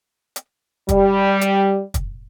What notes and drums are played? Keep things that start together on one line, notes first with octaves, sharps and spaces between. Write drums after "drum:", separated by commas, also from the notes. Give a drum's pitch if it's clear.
drum: hi-hat
G3, drum: kick, hi-hat
drum: hi-hat
drum: kick, hi-hat